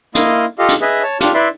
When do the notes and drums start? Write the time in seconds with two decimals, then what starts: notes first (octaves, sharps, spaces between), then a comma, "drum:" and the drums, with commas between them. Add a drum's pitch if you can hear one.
0.15 A#3 E4 D#5 F5 C6 D#6, drum: hi-hat
0.59 F4 G4 A4 D#5 F5
0.69 drum: hi-hat
0.81 G#4 B4 D#5 E5
1.03 C#5 A5
1.20 D4 F4 G4 F6, drum: hi-hat
1.34 E4 B4 D5 E5 C6